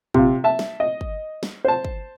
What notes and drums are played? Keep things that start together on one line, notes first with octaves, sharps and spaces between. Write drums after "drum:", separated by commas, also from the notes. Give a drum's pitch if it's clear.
C3 F4, drum: kick
E5 A5
drum: snare
D#5
drum: kick
drum: snare
C5 A5
drum: kick